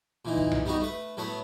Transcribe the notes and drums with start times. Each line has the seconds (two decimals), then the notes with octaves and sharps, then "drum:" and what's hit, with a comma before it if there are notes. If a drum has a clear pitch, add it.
0.25 A#2 E3 D#4
0.37 drum: kick
0.52 drum: tom B1
0.66 G3 B3 D#4 F#4
0.81 A3 B4
1.17 A2 F#3 A3 B3 B5